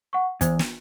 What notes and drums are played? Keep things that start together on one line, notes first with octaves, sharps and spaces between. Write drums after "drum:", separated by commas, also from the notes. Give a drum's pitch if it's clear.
F#5 C#6
E2 C5, drum: kick, hi-hat
drum: snare